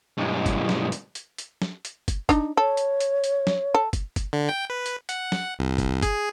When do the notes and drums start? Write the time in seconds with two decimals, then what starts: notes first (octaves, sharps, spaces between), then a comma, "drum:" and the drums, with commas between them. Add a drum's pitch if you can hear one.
0.17 B1 G2
0.46 drum: kick, hi-hat
0.69 drum: snare
0.92 drum: hi-hat
1.15 drum: hi-hat
1.38 drum: hi-hat
1.62 drum: snare
1.85 drum: hi-hat
2.08 drum: kick, hi-hat
2.29 D4 D#4, drum: kick, hi-hat
2.57 A4 C#5
2.77 drum: hi-hat
3.00 drum: hi-hat
3.24 drum: hi-hat
3.47 drum: snare
3.74 A4
3.93 drum: kick, hi-hat
4.16 drum: kick, hi-hat
4.33 D3
4.49 G5
4.70 B4
4.86 drum: hi-hat
5.09 F#5, drum: hi-hat
5.32 drum: snare
5.59 C2
5.78 drum: kick, hi-hat
6.02 G#4, drum: kick, hi-hat